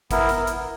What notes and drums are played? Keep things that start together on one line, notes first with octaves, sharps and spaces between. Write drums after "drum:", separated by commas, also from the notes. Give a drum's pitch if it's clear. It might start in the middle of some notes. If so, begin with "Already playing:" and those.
B3 E4 A#4, drum: kick, hi-hat
drum: hi-hat
drum: hi-hat